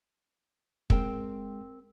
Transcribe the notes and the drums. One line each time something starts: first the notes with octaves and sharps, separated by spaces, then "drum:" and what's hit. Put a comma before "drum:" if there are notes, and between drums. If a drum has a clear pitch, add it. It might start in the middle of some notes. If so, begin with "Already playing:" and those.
G#3 C4 A#4 G5, drum: kick